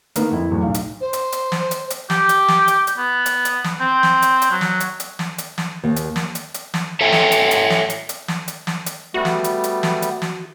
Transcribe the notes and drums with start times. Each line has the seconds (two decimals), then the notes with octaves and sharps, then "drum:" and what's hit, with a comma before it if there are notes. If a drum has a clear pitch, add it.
0.16 D3 D#3 A#3 B3, drum: hi-hat
0.31 F2 E4
0.50 E2 A2 F#3
0.63 B1 F5
0.74 drum: hi-hat
1.00 C5
1.13 drum: hi-hat
1.32 drum: hi-hat
1.52 drum: snare
1.71 drum: hi-hat
1.90 drum: hi-hat
2.10 G4, drum: snare
2.29 drum: hi-hat
2.48 drum: snare
2.68 drum: hi-hat
2.87 drum: hi-hat
2.98 B3
3.26 drum: hi-hat
3.45 drum: hi-hat
3.64 drum: snare
3.80 C4
4.03 drum: snare
4.22 drum: hi-hat
4.42 drum: hi-hat
4.51 F#3
4.61 drum: snare
4.80 drum: hi-hat
5.00 drum: hi-hat
5.19 drum: snare
5.38 drum: hi-hat
5.58 drum: snare
5.84 D#2
5.96 drum: hi-hat
6.16 drum: snare
6.35 drum: hi-hat
6.54 drum: hi-hat
6.74 drum: snare
7.01 A4 C#5 E5 G5 G#5
7.12 drum: snare
7.32 drum: hi-hat
7.51 drum: hi-hat
7.70 drum: snare
7.90 drum: hi-hat
8.09 drum: hi-hat
8.28 drum: snare
8.48 drum: hi-hat
8.67 drum: snare
8.86 drum: hi-hat
9.14 G3 A3 B3 F#4
9.25 drum: snare
9.44 drum: hi-hat
9.64 drum: hi-hat
9.83 drum: snare
10.02 drum: hi-hat
10.22 drum: snare